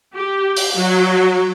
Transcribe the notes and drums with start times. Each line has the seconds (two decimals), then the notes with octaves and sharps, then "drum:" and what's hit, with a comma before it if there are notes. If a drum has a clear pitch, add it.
0.15 G4
0.57 drum: open hi-hat
0.77 F#3